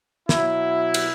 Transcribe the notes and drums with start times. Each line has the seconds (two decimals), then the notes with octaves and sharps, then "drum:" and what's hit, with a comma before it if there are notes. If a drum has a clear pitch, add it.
0.29 B2 F#3 E4, drum: snare
0.94 drum: cymbal